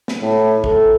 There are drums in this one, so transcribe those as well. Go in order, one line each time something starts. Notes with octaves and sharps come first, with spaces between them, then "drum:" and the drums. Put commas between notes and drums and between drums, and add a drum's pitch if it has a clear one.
drum: snare
A2
A4, drum: kick